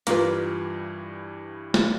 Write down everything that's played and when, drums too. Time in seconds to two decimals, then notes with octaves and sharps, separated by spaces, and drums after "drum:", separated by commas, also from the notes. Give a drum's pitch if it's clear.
0.07 G2 E3 G3 A#3 F4 B4, drum: hi-hat
1.74 drum: snare